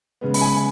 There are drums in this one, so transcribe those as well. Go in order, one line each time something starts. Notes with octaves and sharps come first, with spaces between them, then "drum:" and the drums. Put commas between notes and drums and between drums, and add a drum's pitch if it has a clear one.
C#3 G#3 B3
B5, drum: open hi-hat
G#5